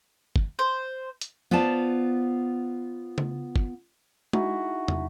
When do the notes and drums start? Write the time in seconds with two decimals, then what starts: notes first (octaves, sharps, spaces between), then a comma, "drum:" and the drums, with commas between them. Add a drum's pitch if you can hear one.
0.36 drum: kick
0.59 C5
1.21 drum: hi-hat
1.51 B3 F4 C5 D5 A5
3.18 drum: tom C#3
3.56 drum: kick
4.33 D#4 E4 F#4 G#4, drum: tom
4.88 drum: tom